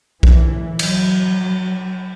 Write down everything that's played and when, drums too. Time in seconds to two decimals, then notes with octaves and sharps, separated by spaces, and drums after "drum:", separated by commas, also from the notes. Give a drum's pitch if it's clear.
0.23 E3, drum: kick B1
0.79 F#3, drum: cymbal